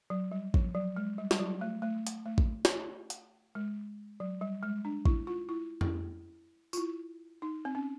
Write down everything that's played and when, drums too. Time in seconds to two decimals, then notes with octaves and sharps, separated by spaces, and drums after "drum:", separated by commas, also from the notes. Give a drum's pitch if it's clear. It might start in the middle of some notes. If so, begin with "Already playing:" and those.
0.10 F#3
0.32 G3
0.54 F3, drum: kick A1
0.75 F#3
0.96 G#3
1.18 G3
1.31 G3, drum: snare
1.40 F#3
1.61 A3
1.82 A3
2.07 drum: hi-hat
2.26 A3
2.38 drum: kick A1
2.65 drum: snare
3.10 drum: hi-hat
3.55 G#3
4.20 F#3
4.41 G3
4.63 G#3
4.85 D4
5.05 E4, drum: kick A1
5.27 F4
5.49 E4
5.81 E4, drum: tom F2
6.73 F4, drum: tambourine
6.77 E4
7.42 D#4
7.65 C4
7.75 C#4